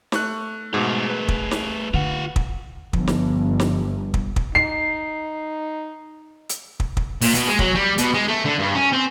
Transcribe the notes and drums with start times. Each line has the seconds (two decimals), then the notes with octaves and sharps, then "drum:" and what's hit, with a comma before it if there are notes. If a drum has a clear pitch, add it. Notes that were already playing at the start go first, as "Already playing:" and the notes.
0.12 A3 C#6 F#6, drum: snare
0.74 G#2 B2 A3 G#4
1.10 B4
1.28 drum: kick
1.51 drum: snare
1.94 D3 F4 F#5
2.36 drum: kick
2.93 G1 G2 F3, drum: kick
3.07 drum: snare
3.60 drum: snare
4.14 drum: kick
4.36 drum: kick
4.55 D#4 C7
6.49 drum: hi-hat
6.80 drum: kick
6.97 drum: kick
7.21 A#2, drum: open hi-hat
7.34 B2, drum: hi-hat
7.47 G#3
7.59 F#3, drum: kick
7.74 G3
7.98 B2, drum: hi-hat
8.14 G#3
8.28 A3
8.45 D3
8.59 G2
8.75 C#4
8.92 C4